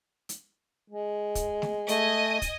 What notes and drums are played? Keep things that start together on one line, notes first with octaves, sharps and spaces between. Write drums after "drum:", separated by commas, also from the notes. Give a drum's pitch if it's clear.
drum: hi-hat
G#3
drum: kick, hi-hat
drum: snare A3
A3 D#5 G#5 D#6, drum: hi-hat
drum: kick, hi-hat